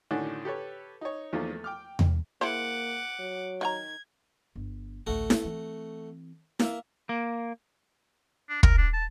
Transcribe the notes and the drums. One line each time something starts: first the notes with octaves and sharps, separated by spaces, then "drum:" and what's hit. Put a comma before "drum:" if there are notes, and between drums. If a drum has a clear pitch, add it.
A2 D3 D#3 C#4 D4 F#4
G4 A4 B4 C#5
D#4 C#5
E2 D#3 F3 A3 A#3
A3
G5 D6 F6
drum: tom E2
A#3 E4 G#4 C5 F#5 D6
F#3
D#3 F#5 A#5 G#6
G1
A1 D2 A3 F#4
drum: snare E4
E3 C4
A#3 E5, drum: snare E4
A#3
D4
A#4, drum: kick
D4
A5